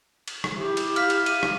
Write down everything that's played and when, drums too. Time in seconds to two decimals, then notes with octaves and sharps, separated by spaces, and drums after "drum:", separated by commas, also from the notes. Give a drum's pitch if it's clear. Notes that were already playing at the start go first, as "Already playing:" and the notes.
0.28 drum: cymbal
0.44 drum: rim click
0.57 E4 G4
0.77 drum: cymbal
0.96 F5 F6 B6, drum: cymbal
1.10 drum: cymbal
1.26 D#7, drum: cymbal
1.43 drum: rim click